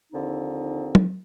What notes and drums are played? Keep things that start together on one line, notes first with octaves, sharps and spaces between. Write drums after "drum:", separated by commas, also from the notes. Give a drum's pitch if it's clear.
D#2 D3 F3 C4 D#4
drum: tom